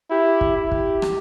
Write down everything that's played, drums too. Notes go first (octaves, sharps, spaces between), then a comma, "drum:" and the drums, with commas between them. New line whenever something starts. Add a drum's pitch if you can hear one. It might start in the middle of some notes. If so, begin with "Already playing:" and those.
E4 G4
drum: kick
E4
drum: kick
drum: rim click